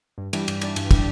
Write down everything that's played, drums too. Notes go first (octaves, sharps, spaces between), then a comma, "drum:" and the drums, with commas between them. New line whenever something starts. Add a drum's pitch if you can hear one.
G2
E3 G3 D4, drum: cymbal
G2, drum: cymbal
E3 G3 D4, drum: cymbal
G2, drum: cymbal
E3 G3 D4, drum: kick, cymbal